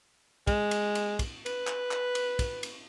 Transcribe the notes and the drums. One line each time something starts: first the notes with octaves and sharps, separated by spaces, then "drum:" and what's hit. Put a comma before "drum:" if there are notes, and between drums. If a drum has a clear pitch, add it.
G#3, drum: kick, cymbal
drum: cymbal
drum: cymbal
drum: kick, cymbal
B4, drum: cymbal
drum: clap
drum: clap
drum: cymbal
drum: kick, cymbal
drum: cymbal